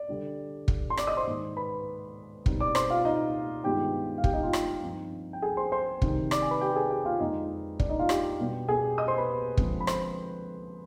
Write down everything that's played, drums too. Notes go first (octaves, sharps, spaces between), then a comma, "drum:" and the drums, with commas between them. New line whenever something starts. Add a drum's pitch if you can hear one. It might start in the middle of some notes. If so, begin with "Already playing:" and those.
Already playing: D5
D3 G3 D4
drum: kick
C6
D5 D6, drum: rim click
D#5 D#6
C5 C6
G#2 D#3 G#3
B4 B5
B2 G3 C4 D#4, drum: kick
D5 D6
C5 C6, drum: rim click
F4 F5
D#4 D#5
G2 D#3 G#3 B3 F4 G4 G5
F5
G4 G5, drum: kick
D#4 D#5
F4 F5
drum: rim click
G2 F3 C4 D#4
G5
G#4 G#5
C5 C6
C5 C6
C3 D#3 G3, drum: kick
D5 D6, drum: rim click
G#5
B4 B5
G4 G5
G#4 G#5
G4 G5
F4 F5
F2 D3 G#3 D4 D#4 F4 D#5
D4 D5, drum: kick
D#4 D#5
F4 F5
G4 G5, drum: rim click
B2 G3 B3 D4
G#4 G#5
D#5 D#6
C5 C6
B4 B5
D3 F3 G#3 C4, drum: kick
B5
C5 C6, drum: rim click